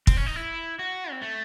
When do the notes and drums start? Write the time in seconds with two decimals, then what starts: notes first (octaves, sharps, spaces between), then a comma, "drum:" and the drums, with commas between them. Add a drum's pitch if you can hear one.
0.07 C4, drum: kick
0.17 C#4
0.26 D#4
0.36 E4
0.79 F#4
1.11 C4
1.22 A3